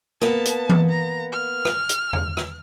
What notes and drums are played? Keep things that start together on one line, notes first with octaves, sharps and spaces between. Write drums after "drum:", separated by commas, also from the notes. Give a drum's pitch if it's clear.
A#3 B3 A5, drum: rim click
drum: hi-hat
drum: tom E3
A#5
F6
drum: rim click
drum: hi-hat
drum: tom E2
drum: rim click